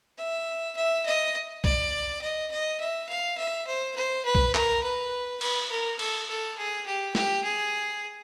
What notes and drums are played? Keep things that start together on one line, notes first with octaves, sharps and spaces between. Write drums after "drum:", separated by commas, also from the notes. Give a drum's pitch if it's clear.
E5
E5
D#5
D5, drum: kick B1
D#5
D#5
E5
F5
E5
C5
C5
B4
drum: kick B1
A#4, drum: clap
B4
B4, drum: cymbal
A#4
A4, drum: cymbal
A4
G#4
G4
G4, drum: snare
G#4